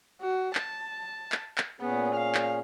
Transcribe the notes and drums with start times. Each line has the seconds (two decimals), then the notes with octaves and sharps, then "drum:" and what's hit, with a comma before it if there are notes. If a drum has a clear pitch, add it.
0.22 F#4
0.55 A5, drum: clap
1.32 drum: clap
1.58 drum: clap
1.80 A#2 B3 C#4 G#4
2.15 F5
2.35 drum: clap